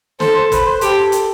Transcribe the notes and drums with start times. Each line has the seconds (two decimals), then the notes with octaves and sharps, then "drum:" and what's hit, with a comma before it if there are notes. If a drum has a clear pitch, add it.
0.20 A4 C5, drum: snare
0.35 C5
0.52 B4, drum: kick, hi-hat
0.66 C5
0.81 G4 A4, drum: hi-hat
1.12 drum: hi-hat